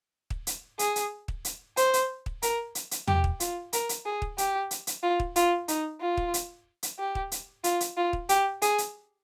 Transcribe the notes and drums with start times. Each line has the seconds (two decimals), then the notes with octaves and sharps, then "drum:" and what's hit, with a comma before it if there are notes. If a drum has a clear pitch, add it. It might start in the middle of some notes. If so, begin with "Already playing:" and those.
0.30 drum: kick
0.47 drum: hi-hat
0.79 G#4, drum: hi-hat
0.96 drum: hi-hat
1.28 drum: kick
1.45 drum: hi-hat
1.77 C5, drum: hi-hat
1.93 drum: hi-hat
2.26 drum: kick
2.42 A#4, drum: hi-hat
2.75 drum: hi-hat
2.91 drum: hi-hat
3.08 G4, drum: tom
3.24 drum: kick
3.40 F4, drum: hi-hat
3.73 A#4, drum: hi-hat
3.89 drum: hi-hat
4.05 G#4
4.22 drum: kick
4.38 G4, drum: hi-hat
4.71 drum: hi-hat
4.87 drum: hi-hat
5.03 F4
5.20 drum: kick
5.36 F4, drum: hi-hat
5.68 D#4, drum: hi-hat
6.01 F4
6.17 drum: kick
6.34 drum: hi-hat
6.83 drum: hi-hat
6.99 G4
7.15 drum: kick
7.32 drum: hi-hat
7.64 F4, drum: hi-hat
7.80 drum: hi-hat
7.97 F4
8.13 drum: kick
8.29 G4, drum: hi-hat
8.62 G#4, drum: hi-hat
8.78 drum: hi-hat